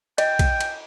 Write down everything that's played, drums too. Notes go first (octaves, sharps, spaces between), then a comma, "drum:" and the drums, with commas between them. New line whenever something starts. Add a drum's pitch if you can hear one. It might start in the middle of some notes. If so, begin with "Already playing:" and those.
D#5 G5, drum: cymbal
drum: kick, cymbal
drum: cymbal